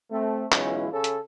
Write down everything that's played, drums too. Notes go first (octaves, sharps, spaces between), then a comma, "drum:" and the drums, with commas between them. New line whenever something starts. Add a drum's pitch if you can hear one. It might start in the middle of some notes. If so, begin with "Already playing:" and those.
A3 C4
B1 E3 G#3 C#4 E4 F4, drum: clap
C#3 C#4 A4
drum: hi-hat